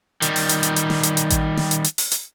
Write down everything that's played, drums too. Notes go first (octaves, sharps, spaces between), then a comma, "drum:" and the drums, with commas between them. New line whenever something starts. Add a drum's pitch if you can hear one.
D#3 G3, drum: hi-hat
drum: open hi-hat
drum: hi-hat
drum: hi-hat
drum: hi-hat
drum: snare
drum: hi-hat
drum: hi-hat
drum: kick A1, hi-hat
drum: snare
drum: hi-hat
drum: hi-hat
drum: open hi-hat
drum: hi-hat